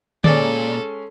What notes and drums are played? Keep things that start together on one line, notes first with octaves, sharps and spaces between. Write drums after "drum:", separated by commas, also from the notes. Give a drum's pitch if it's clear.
A#2 G#3 C#4 A4 D5, drum: tom D3